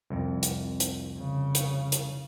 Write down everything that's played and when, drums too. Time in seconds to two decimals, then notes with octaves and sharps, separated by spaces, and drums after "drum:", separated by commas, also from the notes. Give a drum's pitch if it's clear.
0.10 C2 F2
0.43 drum: hi-hat
0.80 drum: hi-hat
1.17 C#3
1.55 drum: hi-hat
1.92 drum: hi-hat